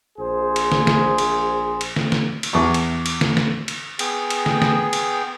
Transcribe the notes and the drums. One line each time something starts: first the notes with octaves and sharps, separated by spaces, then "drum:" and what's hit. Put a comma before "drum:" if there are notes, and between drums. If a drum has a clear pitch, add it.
A#1 G#4 C5
drum: cymbal
drum: snare
drum: snare
drum: cymbal
drum: cymbal
drum: snare
drum: snare
drum: cymbal
E2 C#6
drum: cymbal
drum: cymbal
drum: snare
drum: snare
drum: cymbal
B3 G#4 G5, drum: cymbal
drum: cymbal
drum: snare
drum: snare
drum: cymbal